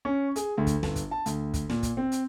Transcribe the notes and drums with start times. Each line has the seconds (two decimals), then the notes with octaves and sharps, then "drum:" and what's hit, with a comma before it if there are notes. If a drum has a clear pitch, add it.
0.05 C#4
0.36 G#4, drum: hi-hat
0.57 D2
0.67 drum: kick, hi-hat
0.83 G1, drum: snare
0.96 drum: kick, hi-hat
1.11 A5
1.26 D2, drum: hi-hat
1.54 drum: kick, hi-hat
1.70 A#2, drum: snare
1.83 drum: kick, hi-hat
1.97 C4
2.12 drum: hi-hat